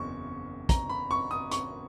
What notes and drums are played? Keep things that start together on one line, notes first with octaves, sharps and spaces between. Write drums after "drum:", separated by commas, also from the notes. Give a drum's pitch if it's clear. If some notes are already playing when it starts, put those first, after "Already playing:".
Already playing: F#1 E2 C#6
A#5, drum: kick, hi-hat
B5
C#6
D#6
C#6, drum: hi-hat